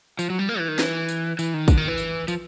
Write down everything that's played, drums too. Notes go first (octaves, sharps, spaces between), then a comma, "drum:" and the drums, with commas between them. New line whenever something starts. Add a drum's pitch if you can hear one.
F3, drum: tambourine
F#3
G3
A#3
E3
D#3
E3, drum: snare
drum: tambourine
E3, drum: tambourine
D#3
D3, drum: kick, tambourine
D#3
E3
drum: tambourine
F3, drum: tambourine